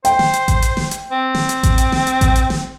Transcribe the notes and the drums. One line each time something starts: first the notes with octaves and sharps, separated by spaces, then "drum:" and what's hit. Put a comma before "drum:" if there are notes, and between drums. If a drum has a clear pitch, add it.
C5 G5, drum: hi-hat
drum: snare
drum: hi-hat
drum: kick A1, hi-hat
drum: hi-hat
drum: snare
drum: hi-hat
C4
drum: snare
drum: hi-hat
drum: kick A1, hi-hat
drum: hi-hat
drum: snare
drum: hi-hat
drum: kick A1, hi-hat
drum: hi-hat
drum: snare